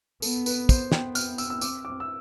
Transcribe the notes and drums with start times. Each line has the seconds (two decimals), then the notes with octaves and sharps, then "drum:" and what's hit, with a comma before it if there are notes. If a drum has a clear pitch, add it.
0.22 B3 A4, drum: tambourine
0.46 B4, drum: tambourine
0.69 C5, drum: kick, tambourine
0.92 B3 G5, drum: snare
1.15 F6, drum: tambourine
1.38 E6, drum: tambourine
1.50 E6
1.61 C4 D6, drum: tambourine
1.85 D6
2.00 E6